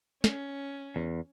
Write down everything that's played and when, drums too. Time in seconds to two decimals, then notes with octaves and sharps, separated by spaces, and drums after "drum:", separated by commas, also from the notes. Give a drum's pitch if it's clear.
0.24 C#4, drum: snare
0.96 E2